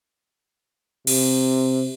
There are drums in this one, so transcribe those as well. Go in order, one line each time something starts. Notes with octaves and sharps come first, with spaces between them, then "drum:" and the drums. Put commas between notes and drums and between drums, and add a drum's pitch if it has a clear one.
C3, drum: cymbal